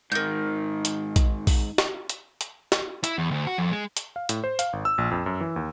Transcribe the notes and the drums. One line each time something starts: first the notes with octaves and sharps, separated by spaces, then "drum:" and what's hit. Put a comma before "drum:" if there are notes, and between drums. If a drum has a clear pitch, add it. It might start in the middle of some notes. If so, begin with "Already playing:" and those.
G#2 D#3 D#4 A#4 G6
drum: hi-hat
drum: kick A#1, hi-hat
drum: kick A#1, open hi-hat
drum: snare
drum: hi-hat
drum: hi-hat
drum: snare
E4, drum: hi-hat
E2
D2
F#4
F2
G#3
drum: hi-hat
F5
A2, drum: hi-hat
C5
F5, drum: hi-hat
G#1
E6
A#1
F2
F#2
E3
D#2